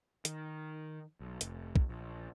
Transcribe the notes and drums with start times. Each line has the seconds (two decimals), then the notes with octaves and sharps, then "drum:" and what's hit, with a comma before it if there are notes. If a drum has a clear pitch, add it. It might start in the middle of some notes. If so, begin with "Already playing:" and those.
0.25 D#3, drum: hi-hat
1.20 B1
1.41 F1, drum: hi-hat
1.76 drum: kick
1.89 A#1